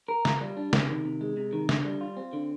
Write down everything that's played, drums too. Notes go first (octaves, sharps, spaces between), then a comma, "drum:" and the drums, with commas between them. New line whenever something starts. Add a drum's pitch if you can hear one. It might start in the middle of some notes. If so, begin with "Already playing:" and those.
A#4
F4, drum: snare
G3
D4
C3, drum: snare
D#3
C3
G#3
C3
D#3
D3, drum: snare
G3
F4
C4
D3